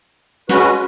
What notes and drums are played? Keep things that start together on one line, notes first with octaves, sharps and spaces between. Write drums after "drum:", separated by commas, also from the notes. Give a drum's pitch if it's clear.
G#3 C#4 F#4 B4, drum: snare